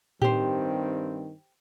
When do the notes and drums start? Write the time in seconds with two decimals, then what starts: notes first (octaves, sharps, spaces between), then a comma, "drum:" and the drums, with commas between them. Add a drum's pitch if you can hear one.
0.22 G2 D#3 C4 G4 C5, drum: tom A2